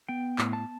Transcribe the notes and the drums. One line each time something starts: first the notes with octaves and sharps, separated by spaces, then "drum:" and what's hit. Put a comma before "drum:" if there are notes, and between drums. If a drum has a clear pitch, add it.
B3 G5
A2, drum: clap
A5